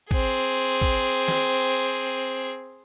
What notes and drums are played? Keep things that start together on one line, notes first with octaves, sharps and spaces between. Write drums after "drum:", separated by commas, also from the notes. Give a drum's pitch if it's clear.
C4 G#4, drum: kick
drum: kick
drum: snare